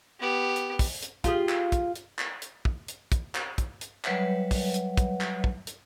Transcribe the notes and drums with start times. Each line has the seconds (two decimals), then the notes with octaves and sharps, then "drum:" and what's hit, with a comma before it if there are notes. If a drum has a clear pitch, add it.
0.20 B3 G4
0.56 drum: hi-hat
0.79 drum: kick, open hi-hat
1.03 drum: hi-hat
1.24 F4 G4 G#4, drum: kick, hi-hat
1.49 drum: clap
1.72 drum: kick, hi-hat
1.95 drum: hi-hat
2.19 drum: clap
2.42 drum: hi-hat
2.65 drum: kick
2.88 drum: hi-hat
3.12 drum: kick, hi-hat
3.35 drum: clap
3.58 drum: kick, hi-hat
3.81 drum: hi-hat
4.05 F#3 G3 B4 C#5 E5 F#5, drum: clap
4.51 drum: kick, open hi-hat
4.74 drum: hi-hat
4.97 drum: kick, hi-hat
5.21 drum: clap
5.44 drum: kick
5.67 drum: hi-hat